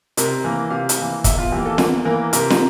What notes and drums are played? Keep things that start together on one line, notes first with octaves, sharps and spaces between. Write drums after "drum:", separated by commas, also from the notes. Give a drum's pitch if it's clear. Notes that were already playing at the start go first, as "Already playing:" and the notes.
C3 A#4, drum: hi-hat
E3 A#3
C3 F5
drum: hi-hat
E3 A#3
E2 E5, drum: kick, hi-hat
F4
E3 A#3 G4
A4
E2 A#4, drum: snare
E3 A#3 A#4
C3 A#4, drum: hi-hat
drum: snare